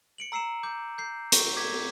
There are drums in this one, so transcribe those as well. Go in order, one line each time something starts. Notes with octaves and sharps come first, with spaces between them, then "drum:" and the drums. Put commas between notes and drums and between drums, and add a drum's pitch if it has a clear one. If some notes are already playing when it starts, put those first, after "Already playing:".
C#7 D7 F#7
A#5 E6 C7 C#7 E7
D6 G6
G6 C7
C#6, drum: hi-hat
D6 G#6 B6